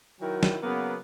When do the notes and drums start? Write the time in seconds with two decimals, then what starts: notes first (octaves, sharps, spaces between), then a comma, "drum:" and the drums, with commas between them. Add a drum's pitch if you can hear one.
0.20 D#3 F#3 E4 F#4 A#4 G5
0.43 drum: snare
0.62 C#3 F#3 A#3 B3